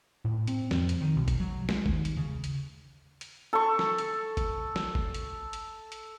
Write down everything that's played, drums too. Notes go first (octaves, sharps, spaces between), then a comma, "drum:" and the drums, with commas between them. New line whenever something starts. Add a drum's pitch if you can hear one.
A2
C4, drum: hi-hat
F2, drum: snare
drum: hi-hat
D#3
B1
drum: kick G#1, hi-hat
F#3
G#3, drum: snare
D#2, drum: kick G#1
drum: hi-hat
C#3
drum: hi-hat
drum: hi-hat
A4 C#6
drum: snare
drum: hi-hat
drum: kick G#1, hi-hat
drum: snare
drum: kick G#1
drum: hi-hat
drum: hi-hat
drum: hi-hat